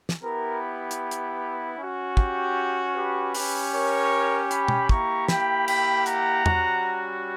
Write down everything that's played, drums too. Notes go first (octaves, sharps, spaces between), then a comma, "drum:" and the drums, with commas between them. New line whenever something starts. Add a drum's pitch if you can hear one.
drum: snare
B3 E4 G4 A#4
drum: hi-hat
drum: hi-hat
C#4 F#4
G4, drum: kick
G4 B4
C#4 G4, drum: open hi-hat
A#4 C#5
G5 B5, drum: hi-hat
drum: tom
A#3 E4 G4 A#5 C#6, drum: kick
G5 B5, drum: snare
G5 B5, drum: cymbal
F#5 A#5, drum: hi-hat
G3 C#4 F#4, drum: tom